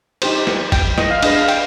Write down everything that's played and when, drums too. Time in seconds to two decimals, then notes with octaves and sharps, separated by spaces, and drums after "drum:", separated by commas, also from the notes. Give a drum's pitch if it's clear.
0.22 D#4 G4 C5, drum: cymbal
0.47 drum: snare
0.72 G5, drum: kick, cymbal
0.98 D#5, drum: snare
1.11 F5
1.22 D4 G#4 B4 D#5, drum: cymbal
1.35 F5
1.48 G5, drum: cymbal